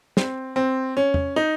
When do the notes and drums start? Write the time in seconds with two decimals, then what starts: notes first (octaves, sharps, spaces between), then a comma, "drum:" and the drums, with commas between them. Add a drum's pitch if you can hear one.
0.17 C4, drum: snare
0.56 C4
0.97 C#4
1.14 drum: tom E2
1.36 D#4